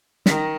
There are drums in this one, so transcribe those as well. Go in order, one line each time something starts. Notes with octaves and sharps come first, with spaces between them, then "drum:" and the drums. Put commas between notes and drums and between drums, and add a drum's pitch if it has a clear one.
D#3, drum: snare